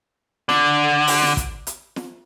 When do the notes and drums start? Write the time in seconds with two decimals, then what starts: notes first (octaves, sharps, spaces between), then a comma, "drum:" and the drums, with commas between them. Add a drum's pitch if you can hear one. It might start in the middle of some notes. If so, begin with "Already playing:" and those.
0.49 D3, drum: snare
1.07 drum: open hi-hat
1.22 drum: snare
1.37 drum: kick, hi-hat
1.67 drum: hi-hat
1.96 drum: snare